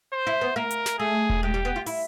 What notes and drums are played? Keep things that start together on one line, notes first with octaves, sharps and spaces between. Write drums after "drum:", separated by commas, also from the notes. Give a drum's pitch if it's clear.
C5
E4
B3
A#3 A#4
drum: hi-hat
drum: snare
A3 G#4
drum: kick E1
G#3 G4
G3
B3
F4
E4, drum: open hi-hat